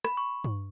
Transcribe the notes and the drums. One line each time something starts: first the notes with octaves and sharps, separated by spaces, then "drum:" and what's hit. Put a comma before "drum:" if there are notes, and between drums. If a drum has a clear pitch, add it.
B5, drum: rim click
C#6
drum: tom G2